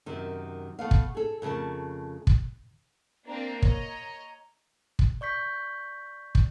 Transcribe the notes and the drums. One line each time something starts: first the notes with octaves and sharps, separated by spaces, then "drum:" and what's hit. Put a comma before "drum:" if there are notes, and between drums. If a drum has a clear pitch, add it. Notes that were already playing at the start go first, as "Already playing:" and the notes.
F#2 C3 D#3
A3 B3 F5
drum: kick
G#4 A4
F2 C#3 A3 A#4 A5
drum: kick
A#3 C4 D4 A#5
C#5 D#5, drum: kick
drum: kick
D5 C#6 G6 B6
drum: kick